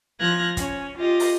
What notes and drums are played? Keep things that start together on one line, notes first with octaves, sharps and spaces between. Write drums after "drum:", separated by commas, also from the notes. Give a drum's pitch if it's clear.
F3 F6 F#6 G#6 A#6
C#4, drum: kick, hi-hat
F4 G4 D#5
drum: open hi-hat